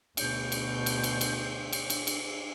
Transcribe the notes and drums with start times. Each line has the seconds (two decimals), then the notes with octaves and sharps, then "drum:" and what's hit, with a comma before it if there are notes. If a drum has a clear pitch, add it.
0.17 D2 B2 G6, drum: cymbal
0.52 drum: cymbal
0.86 drum: cymbal
1.04 drum: cymbal
1.21 drum: cymbal
1.73 drum: cymbal
1.90 drum: cymbal
2.07 drum: cymbal